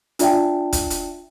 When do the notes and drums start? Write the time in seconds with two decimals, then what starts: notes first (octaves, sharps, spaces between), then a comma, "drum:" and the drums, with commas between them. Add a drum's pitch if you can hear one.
0.19 D4 F4 D5 E5 G5 A5, drum: hi-hat
0.73 drum: kick, hi-hat
0.90 drum: hi-hat